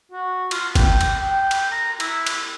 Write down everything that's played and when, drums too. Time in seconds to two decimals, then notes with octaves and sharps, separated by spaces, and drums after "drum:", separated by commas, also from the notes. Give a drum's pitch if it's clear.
0.12 F#4
0.51 F4, drum: cymbal
0.75 G5, drum: kick, cymbal
1.01 drum: cymbal
1.21 G5
1.51 drum: cymbal
1.72 A#5
2.00 E4, drum: cymbal
2.26 drum: cymbal